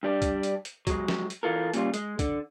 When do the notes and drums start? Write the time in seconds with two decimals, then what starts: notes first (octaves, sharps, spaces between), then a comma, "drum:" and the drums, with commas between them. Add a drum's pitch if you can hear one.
0.03 G2 G3 D4
0.22 drum: kick, hi-hat
0.43 drum: hi-hat
0.65 drum: hi-hat
0.87 F#3 G#3, drum: kick, hi-hat
1.08 drum: snare
1.30 drum: hi-hat
1.43 E3 F4 A4 A#4
1.74 A#2 C#3 G3 F4, drum: hi-hat
1.94 G#3, drum: hi-hat
2.19 D3, drum: kick, hi-hat